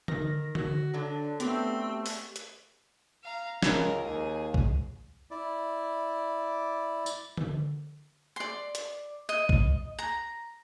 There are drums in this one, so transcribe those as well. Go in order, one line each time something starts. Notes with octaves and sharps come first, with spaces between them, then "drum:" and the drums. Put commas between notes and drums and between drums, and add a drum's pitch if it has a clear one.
D#3 A#6, drum: tom D3
F#4, drum: tom D3
D3 F#3 D4
A3 B3 C4 G4, drum: hi-hat
drum: open hi-hat
drum: hi-hat
F5 A#5
C#2 A#4, drum: snare
D#2 G#4
drum: kick
E4 D5
drum: tambourine
drum: tom D3
D5 C6
drum: hi-hat
D#5
drum: kick
A#5